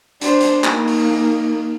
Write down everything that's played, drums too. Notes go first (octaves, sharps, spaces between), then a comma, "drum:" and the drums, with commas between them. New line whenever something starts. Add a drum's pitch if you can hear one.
D4 C5, drum: hi-hat
drum: hi-hat
A#3 D#4, drum: clap
drum: open hi-hat